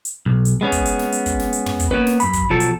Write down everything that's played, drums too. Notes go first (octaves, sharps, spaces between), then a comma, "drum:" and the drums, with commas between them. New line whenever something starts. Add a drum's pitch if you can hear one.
drum: hi-hat
B1
drum: hi-hat
G#3 B3 C#4
drum: kick, hi-hat
drum: hi-hat
drum: snare
drum: hi-hat
drum: kick, hi-hat
drum: snare
drum: hi-hat
drum: tom
drum: kick, hi-hat
A#3 B3 C#4 B4
drum: snare
F#2 B5, drum: hi-hat
drum: kick, hi-hat
B1 F3 F#3 A4
drum: hi-hat